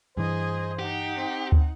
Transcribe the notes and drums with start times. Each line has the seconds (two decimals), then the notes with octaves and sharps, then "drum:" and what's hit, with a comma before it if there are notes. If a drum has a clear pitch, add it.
0.17 G2 E3 G#4 C5 D#5
0.79 D#4 G4 F#5
1.17 C4
1.52 drum: kick D2